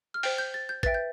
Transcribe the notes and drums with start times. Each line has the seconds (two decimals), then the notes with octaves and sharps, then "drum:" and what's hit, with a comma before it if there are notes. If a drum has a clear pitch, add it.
0.14 F6
0.23 C5 G5 G6, drum: open hi-hat
0.38 G6
0.54 A6
0.69 G6
0.83 B4 E5 G5 A6, drum: kick A1, hi-hat
0.94 G6